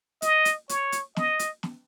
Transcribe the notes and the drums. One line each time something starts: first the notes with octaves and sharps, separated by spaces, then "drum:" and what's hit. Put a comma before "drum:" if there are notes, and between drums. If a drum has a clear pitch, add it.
D#5, drum: hi-hat
drum: hi-hat
C#5, drum: hi-hat
drum: hi-hat
D#5, drum: snare
drum: hi-hat
drum: snare